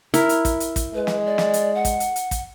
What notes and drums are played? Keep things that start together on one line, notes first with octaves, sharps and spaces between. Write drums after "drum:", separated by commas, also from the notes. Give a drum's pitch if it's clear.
E4 A#4, drum: hi-hat
drum: hi-hat
drum: kick, hi-hat
drum: hi-hat
drum: kick, hi-hat
G#3 B4
drum: snare
D5
drum: snare
drum: hi-hat
F#5
drum: kick, hi-hat
drum: hi-hat
drum: hi-hat
drum: kick, hi-hat